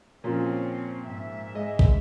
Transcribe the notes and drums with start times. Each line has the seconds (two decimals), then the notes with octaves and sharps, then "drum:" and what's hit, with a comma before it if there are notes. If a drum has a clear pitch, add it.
0.24 A#2 C#3 F3 C4 C#4
1.08 G#2 E5
1.55 G#3 D#5
1.79 drum: kick